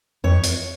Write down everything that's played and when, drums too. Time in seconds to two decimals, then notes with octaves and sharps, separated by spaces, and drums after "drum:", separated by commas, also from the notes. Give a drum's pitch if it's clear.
0.24 F2 C#5
0.43 drum: hi-hat